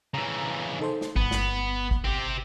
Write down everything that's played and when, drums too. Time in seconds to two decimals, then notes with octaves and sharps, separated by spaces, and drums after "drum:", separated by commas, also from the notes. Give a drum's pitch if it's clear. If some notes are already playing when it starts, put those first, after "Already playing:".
0.14 C#3 E3 A#5 E6
0.79 D#4 A4 C5
1.01 drum: snare
1.16 G1 B3, drum: kick
1.31 drum: snare
1.91 drum: kick
2.04 C4 G4